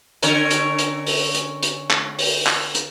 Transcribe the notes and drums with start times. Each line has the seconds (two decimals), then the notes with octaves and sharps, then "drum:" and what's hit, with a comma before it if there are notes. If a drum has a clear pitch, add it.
0.23 D3 C#4 A#4, drum: hi-hat
0.51 drum: hi-hat
0.79 drum: hi-hat
1.07 drum: open hi-hat
1.35 drum: hi-hat
1.63 drum: hi-hat
1.91 drum: clap
2.19 drum: open hi-hat
2.47 drum: clap
2.75 drum: hi-hat